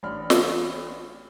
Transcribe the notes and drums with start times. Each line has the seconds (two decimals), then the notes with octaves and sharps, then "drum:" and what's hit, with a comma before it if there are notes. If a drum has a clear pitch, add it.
0.03 A1 D4 B5 F6
0.30 drum: snare